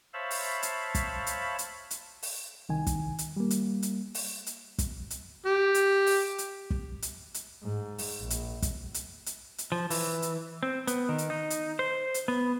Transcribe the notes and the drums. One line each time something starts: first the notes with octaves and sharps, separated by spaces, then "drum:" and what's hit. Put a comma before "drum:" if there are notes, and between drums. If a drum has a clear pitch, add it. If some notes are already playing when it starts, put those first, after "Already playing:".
C5 C#5 E5 F5 A5 B5
drum: open hi-hat
drum: hi-hat
drum: kick, hi-hat
drum: hi-hat
drum: hi-hat
drum: hi-hat
drum: open hi-hat
C2 D#3 G#5
drum: kick, hi-hat
drum: hi-hat
G3 A#3
drum: hi-hat
drum: hi-hat
drum: open hi-hat
drum: hi-hat
drum: kick, hi-hat
drum: hi-hat
G4
drum: hi-hat
drum: open hi-hat
drum: hi-hat
drum: kick
drum: hi-hat
drum: hi-hat
G#2
drum: open hi-hat
A#1
drum: hi-hat
drum: kick, hi-hat
drum: hi-hat
drum: hi-hat
drum: hi-hat
F3
E3, drum: open hi-hat
drum: hi-hat
C4
B3, drum: hi-hat
D#3
drum: hi-hat
D#4
drum: hi-hat
C5
drum: hi-hat
B3